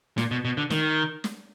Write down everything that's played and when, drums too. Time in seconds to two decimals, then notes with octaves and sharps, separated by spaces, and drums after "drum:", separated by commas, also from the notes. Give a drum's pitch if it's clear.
0.18 A#2, drum: snare
0.31 B2
0.45 B2
0.57 D3
0.70 D#3, drum: snare
1.24 drum: snare